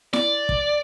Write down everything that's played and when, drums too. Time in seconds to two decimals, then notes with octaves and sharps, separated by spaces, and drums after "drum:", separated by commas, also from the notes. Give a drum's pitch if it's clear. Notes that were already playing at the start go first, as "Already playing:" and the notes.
0.13 D5, drum: snare E4
0.49 drum: kick